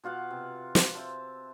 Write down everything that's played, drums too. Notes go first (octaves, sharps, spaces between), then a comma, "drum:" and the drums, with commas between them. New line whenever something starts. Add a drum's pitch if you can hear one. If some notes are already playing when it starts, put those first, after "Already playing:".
B2 F4 F5 F#5
C3
drum: snare
C5 E5 A5